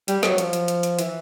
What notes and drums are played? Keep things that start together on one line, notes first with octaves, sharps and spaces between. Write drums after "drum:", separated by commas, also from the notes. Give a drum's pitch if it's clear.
G3, drum: hi-hat
F#3, drum: snare
F3, drum: hi-hat
drum: hi-hat
drum: hi-hat
drum: hi-hat
E3, drum: hi-hat